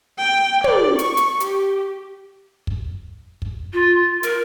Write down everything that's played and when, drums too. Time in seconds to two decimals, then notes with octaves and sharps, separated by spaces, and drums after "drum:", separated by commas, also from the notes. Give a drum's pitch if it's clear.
0.18 G5
0.64 D5, drum: tom
0.99 C#6, drum: hi-hat
1.17 drum: hi-hat
1.40 G4, drum: hi-hat
2.67 drum: kick
3.42 drum: kick
3.73 F4
4.23 A#4, drum: hi-hat